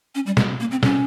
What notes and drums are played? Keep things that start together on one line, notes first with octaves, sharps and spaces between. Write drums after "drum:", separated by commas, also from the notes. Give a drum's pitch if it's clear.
C#4
G3
G#3, drum: snare
A#3
C4
C#4, drum: snare